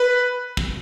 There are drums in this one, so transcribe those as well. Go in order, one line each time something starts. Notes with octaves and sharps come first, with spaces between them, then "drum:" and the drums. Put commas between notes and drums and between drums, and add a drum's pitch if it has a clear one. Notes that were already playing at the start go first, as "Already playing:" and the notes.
Already playing: B4
drum: kick